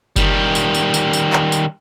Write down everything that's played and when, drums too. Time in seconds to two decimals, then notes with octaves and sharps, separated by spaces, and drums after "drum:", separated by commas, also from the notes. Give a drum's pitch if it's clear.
0.16 D#3 G3, drum: kick F#1, tambourine
0.55 drum: tambourine
0.74 drum: tambourine
0.94 drum: tambourine
1.13 drum: tambourine
1.33 drum: clap
1.52 drum: tambourine